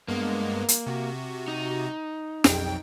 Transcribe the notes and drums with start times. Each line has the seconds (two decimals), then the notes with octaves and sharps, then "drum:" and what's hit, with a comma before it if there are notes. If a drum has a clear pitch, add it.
0.08 G2 G#3 A#3 B3
0.69 drum: hi-hat
0.87 C3 F#4
1.48 D#4
2.44 B1 F2 G5, drum: snare